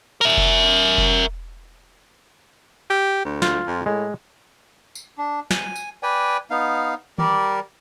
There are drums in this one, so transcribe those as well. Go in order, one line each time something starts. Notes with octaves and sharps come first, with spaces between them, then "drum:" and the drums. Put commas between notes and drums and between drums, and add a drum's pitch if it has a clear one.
A#4 E5
drum: kick F1
drum: kick F1
G4
D2
F4, drum: snare
F2
A2 G#3
drum: tambourine
D4
G#5, drum: snare
drum: tambourine
B4 D5 G5 G#5
B3 D#4 F5
G3 G4 A#4 D5, drum: tom D#3